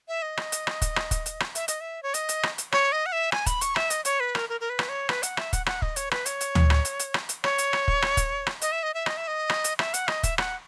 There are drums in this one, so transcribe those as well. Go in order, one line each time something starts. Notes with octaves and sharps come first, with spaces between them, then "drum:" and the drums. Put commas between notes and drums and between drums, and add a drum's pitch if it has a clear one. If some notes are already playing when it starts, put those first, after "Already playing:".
E5
D#5
drum: rim click
drum: hi-hat
drum: rim click
drum: kick, hi-hat
drum: rim click
drum: kick, hi-hat
drum: hi-hat
drum: rim click
E5, drum: hi-hat
D#5, drum: hi-hat
E5
C#5
D#5, drum: hi-hat
drum: hi-hat
drum: rim click
drum: hi-hat
C#5, drum: rim click
D#5
F#5
E5
G#5, drum: rim click
B5, drum: kick, hi-hat
C#6, drum: hi-hat
E5, drum: rim click
D#5, drum: hi-hat
C#5, drum: hi-hat
B4
A#4, drum: rim click
A#4
A#4
B4
drum: rim click
C#5
B4, drum: rim click
F#5, drum: hi-hat
E5, drum: rim click
F#5, drum: kick, hi-hat
F#5, drum: rim click
D#5, drum: kick
C#5, drum: hi-hat
B4, drum: rim click
C#5, drum: hi-hat
drum: hi-hat
drum: tom
drum: rim click
drum: hi-hat
drum: hi-hat
drum: rim click
drum: hi-hat
C#5, drum: rim click
drum: hi-hat
drum: rim click
drum: kick
drum: rim click
drum: kick, hi-hat
drum: rim click
D#5, drum: hi-hat
E5
D#5
E5
D#5, drum: rim click
E5
D#5
drum: rim click
drum: hi-hat
E5, drum: rim click
F#5, drum: hi-hat
D#5, drum: rim click
E5, drum: kick, hi-hat
F#5, drum: rim click